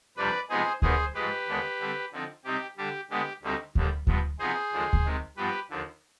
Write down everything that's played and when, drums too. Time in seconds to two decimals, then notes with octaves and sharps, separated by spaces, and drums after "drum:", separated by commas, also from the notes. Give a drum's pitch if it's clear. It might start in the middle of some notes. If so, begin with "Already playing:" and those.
0.17 F2 C3 G3 D4 B4 D5
0.49 C3 F3 G#3 B3 D#4 G#4 C5
0.82 D#2 D#3 B3 G#4 C5, drum: kick D2
1.14 G#2 F3 G#3 G4 B4
1.47 D#2 D3 G#3 B3 D4
1.79 D3 G3 C4
2.12 D3 F3 C4 D#4
2.44 C3 G3 C4 D#4 G4
2.77 D3 G3 D4 G4
3.10 D3 G#3 B3 G4
3.43 D2 D3 G3 C4 D#4
3.75 D#2 D3 G3, drum: kick D2
4.07 G2 F3 B3, drum: kick D2
4.39 C3 F3 B3 D#4 G#4 C5
4.72 D#2 D3 F3 G#3
4.93 drum: kick D2
5.05 C3 D#3 G#3
5.37 G2 F3 B3 D4 G4 B4
5.70 D#2 D3 F3